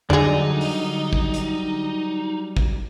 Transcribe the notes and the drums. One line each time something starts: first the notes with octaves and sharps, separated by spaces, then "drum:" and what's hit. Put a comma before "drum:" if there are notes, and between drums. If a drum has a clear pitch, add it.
D3 F#3 G3 D#4 G#4 D5, drum: tom
drum: open hi-hat
drum: kick
drum: hi-hat
drum: kick